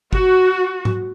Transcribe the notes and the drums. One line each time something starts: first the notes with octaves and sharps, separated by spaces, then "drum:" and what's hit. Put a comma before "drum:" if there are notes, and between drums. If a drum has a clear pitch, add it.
F#4, drum: kick G1
drum: tom G#2